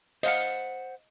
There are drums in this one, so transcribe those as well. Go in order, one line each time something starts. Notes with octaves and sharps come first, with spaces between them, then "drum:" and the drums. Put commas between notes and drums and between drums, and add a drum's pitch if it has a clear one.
C5 D#5 F5 F#5, drum: open hi-hat